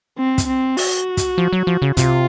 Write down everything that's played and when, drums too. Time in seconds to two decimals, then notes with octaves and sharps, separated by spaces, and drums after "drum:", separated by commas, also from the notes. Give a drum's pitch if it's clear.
0.18 C4
0.38 drum: kick, hi-hat
0.47 C4
0.77 F#4, drum: open hi-hat
1.17 drum: kick, hi-hat
1.38 F3
1.53 F#3
1.67 F3
1.82 C#3
1.97 C3 F4, drum: kick, hi-hat